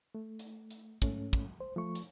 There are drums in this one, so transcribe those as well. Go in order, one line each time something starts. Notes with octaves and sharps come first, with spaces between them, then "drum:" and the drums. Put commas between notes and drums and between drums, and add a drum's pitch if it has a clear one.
A3
drum: hi-hat
drum: hi-hat
G#2 A3 C#4, drum: kick, hi-hat
drum: kick
C5
F3 A3 C#6
drum: hi-hat